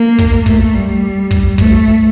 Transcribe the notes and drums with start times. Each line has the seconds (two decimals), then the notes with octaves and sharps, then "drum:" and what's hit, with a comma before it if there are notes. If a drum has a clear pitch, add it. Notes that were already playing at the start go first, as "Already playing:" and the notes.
Already playing: A#3
0.19 drum: kick
0.46 A3, drum: kick
0.74 G3
1.31 drum: kick
1.58 A3, drum: kick